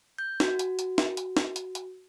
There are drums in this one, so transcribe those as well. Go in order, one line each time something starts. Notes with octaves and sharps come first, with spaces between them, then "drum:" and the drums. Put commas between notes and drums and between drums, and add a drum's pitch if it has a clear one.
G6
F#4, drum: snare
drum: hi-hat
drum: hi-hat
drum: snare
drum: hi-hat
drum: snare
drum: hi-hat
drum: hi-hat